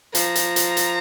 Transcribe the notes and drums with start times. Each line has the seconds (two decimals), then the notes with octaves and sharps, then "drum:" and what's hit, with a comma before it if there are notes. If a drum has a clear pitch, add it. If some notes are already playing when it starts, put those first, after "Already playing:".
0.15 F3 A#5, drum: hi-hat
0.35 drum: hi-hat
0.56 drum: hi-hat
0.77 drum: hi-hat